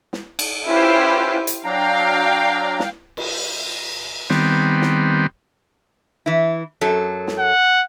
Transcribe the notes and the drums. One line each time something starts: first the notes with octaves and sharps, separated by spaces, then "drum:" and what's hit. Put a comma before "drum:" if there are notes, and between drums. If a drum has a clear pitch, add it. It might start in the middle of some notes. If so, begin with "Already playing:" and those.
drum: snare
drum: cymbal
C#4 E4 F4 G4 B4 C5
drum: hi-hat
F#3 D4 F5 G5 A#5
drum: snare
drum: cymbal
D#3 G3 B3 C4, drum: snare
drum: snare
E3 E4
F#2 F#3 A4
drum: snare
F#5